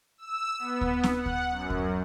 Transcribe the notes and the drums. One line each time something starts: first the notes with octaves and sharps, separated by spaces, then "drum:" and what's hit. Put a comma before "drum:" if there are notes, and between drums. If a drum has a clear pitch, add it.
E6
B3
drum: kick D2
drum: snare C4
F#5
drum: kick D2
F#2
drum: kick D2